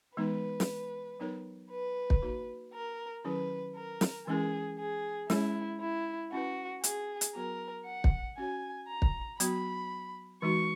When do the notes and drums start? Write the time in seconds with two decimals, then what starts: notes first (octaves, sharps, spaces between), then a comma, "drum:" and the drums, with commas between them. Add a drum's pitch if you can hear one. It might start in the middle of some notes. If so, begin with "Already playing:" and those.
0.17 E3 G#3 B3 D#4 B4
0.60 drum: snare
1.20 F#3 B3 D#4 A#4 C#5
1.71 B4
2.10 drum: kick
2.22 A#3 D#4 F#4 C#5
2.73 A#4
3.24 D#3 F#3 C#4 E4 G#4 B4
3.76 A#4
4.01 drum: snare
4.27 E3 G#3 C#4 E4 G#4 A#4
4.79 G#4
5.30 G#3 C#4 E4 G#4 C#5, drum: snare
5.81 E4
6.32 C#4 E4 F#4 B4
6.84 G#4, drum: hi-hat
7.21 drum: hi-hat
7.35 F#3 B3 F#4 A#4
7.86 F#5
8.04 drum: kick
8.37 C#4 F#4 C#5 G#5
8.88 A#5
9.02 drum: kick
9.40 F#3 B3 F#4 B5, drum: hi-hat
10.42 E3 G#3 D#4 F#4 C#6